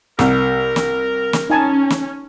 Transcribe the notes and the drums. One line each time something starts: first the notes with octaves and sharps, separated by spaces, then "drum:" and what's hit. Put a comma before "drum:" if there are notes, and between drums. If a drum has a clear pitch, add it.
C2 A#4, drum: snare
drum: snare
drum: snare
C#4 D#4 G#5 A5
drum: snare